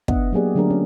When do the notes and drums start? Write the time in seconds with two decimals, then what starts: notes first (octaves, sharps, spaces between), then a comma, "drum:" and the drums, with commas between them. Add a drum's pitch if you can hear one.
0.08 B3 D4 D#5 E5 F#5, drum: kick
0.33 F#3 A#3 G4 G#4 D5
0.55 D3 F#3 A3 D4 G#4 A#4
0.70 C#4